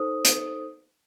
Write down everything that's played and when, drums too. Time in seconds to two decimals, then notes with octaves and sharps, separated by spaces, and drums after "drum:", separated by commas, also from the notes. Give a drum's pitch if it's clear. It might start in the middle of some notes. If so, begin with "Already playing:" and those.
Already playing: D#4 A4 C5 D#6
0.25 drum: hi-hat